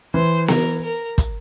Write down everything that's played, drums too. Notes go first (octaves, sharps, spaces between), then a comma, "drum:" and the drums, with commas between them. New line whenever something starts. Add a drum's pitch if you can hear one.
E3 C5
A#4, drum: snare B3
A#4
drum: kick, hi-hat